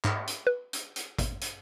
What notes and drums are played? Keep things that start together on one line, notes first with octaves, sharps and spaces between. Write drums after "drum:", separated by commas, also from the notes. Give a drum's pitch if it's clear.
G#2, drum: clap
drum: hi-hat
B4
drum: hi-hat
drum: hi-hat
drum: kick, hi-hat
drum: hi-hat